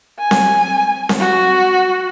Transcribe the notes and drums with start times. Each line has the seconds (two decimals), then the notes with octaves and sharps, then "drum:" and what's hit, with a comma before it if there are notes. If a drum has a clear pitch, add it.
0.18 G#5
0.31 drum: snare C4
1.09 drum: snare C4
1.19 F#4